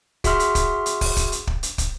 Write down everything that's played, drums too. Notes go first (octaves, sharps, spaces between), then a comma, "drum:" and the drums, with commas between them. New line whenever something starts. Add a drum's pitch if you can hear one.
F#4 G#4 E5 C6 F6, drum: kick, hi-hat
drum: hi-hat
drum: kick, hi-hat
drum: hi-hat
drum: kick, open hi-hat
drum: kick, hi-hat
drum: hi-hat
drum: kick
drum: hi-hat
drum: kick, hi-hat